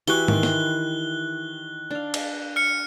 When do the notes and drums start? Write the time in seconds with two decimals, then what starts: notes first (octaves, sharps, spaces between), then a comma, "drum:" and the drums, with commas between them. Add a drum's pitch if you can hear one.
0.08 E3 E4 F#4 G4 C#6 F#6 G7, drum: hi-hat
0.28 D#3 G4 C6, drum: tom G#2
0.43 drum: snare
1.91 D4 F5
2.14 drum: cymbal
2.56 F6 C#7